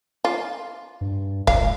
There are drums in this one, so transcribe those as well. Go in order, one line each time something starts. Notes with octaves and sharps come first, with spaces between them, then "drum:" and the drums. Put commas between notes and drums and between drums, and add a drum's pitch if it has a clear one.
F4
G2
C#2 F5, drum: kick